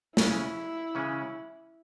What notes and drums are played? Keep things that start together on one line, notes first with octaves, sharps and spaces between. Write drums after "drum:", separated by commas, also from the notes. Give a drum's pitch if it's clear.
C#3 E3 G#3 C#4 E4, drum: snare
C#3 E3 G#3 C#4